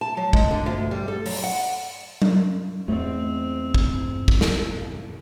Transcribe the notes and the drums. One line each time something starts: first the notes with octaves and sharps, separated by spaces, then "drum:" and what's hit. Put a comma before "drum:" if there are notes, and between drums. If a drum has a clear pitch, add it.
A5
F#3
G#3, drum: kick
D3
D2
G3
A4
F#3, drum: open hi-hat
F#5
drum: tom F#3
E2 G#2 A3 C4
drum: kick
drum: kick
drum: snare